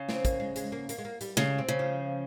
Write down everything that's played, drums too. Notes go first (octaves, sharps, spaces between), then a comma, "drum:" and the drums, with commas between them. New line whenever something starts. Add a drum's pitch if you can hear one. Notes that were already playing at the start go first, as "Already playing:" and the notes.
Already playing: C#3
C4, drum: snare
A#3, drum: kick, hi-hat
G#3
G#3, drum: hi-hat
A#3
A#3, drum: hi-hat
G#3
A#3
G3, drum: hi-hat
C#3 G#3, drum: snare
C4
C#3
F3